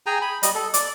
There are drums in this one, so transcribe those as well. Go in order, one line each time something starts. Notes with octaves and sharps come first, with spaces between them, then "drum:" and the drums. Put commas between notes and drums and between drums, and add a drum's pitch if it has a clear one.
G#4 G5 G#5 A#5
B5
G3 D#5, drum: hi-hat
A4
D5 D6, drum: hi-hat